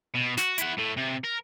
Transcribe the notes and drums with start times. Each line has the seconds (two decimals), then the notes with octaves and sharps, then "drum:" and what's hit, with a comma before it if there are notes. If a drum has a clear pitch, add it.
0.14 B2
0.37 F#4, drum: snare
0.58 E4 F#5, drum: hi-hat
0.77 A2 A3
0.97 C3
1.24 A#4